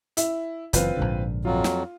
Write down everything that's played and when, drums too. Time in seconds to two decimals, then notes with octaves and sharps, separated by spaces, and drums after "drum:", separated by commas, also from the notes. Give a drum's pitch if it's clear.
0.17 E4, drum: hi-hat
0.73 F#1 E3 C4 F4 B4, drum: hi-hat
0.97 A#1 G#2 D3
1.45 F2 F#3 F4
1.64 drum: snare